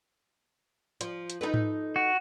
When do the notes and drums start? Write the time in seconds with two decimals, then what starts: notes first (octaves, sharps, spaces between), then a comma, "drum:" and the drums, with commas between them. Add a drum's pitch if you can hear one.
1.01 F3, drum: hi-hat
1.30 drum: hi-hat
1.41 D#4 A4 B4
1.54 drum: tom G#2
1.96 F#4